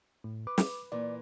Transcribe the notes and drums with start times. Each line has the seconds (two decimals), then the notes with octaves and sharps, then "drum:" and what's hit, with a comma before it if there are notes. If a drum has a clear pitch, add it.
0.24 A2
0.47 B4 D6
0.58 drum: snare
0.92 A#2 E3 D5